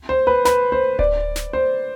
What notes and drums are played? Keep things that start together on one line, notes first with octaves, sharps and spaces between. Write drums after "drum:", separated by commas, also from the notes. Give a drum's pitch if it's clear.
C5
B4
B4, drum: snare
C5
D5, drum: kick D1
drum: snare
C5